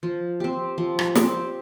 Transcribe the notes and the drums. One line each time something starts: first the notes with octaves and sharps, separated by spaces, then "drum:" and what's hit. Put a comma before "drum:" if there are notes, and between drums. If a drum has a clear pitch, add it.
F3
C4 G4
F3
drum: rim click
C4 G4, drum: snare